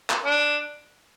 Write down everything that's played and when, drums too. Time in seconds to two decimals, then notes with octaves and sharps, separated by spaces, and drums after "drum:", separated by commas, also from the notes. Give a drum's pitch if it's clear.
0.10 drum: clap
0.24 D4